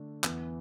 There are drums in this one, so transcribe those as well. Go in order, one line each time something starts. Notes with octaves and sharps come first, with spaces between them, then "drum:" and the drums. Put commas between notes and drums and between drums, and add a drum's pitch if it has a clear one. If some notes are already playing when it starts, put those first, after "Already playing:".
Already playing: D3 A3 D4
E2 E3 B3, drum: clap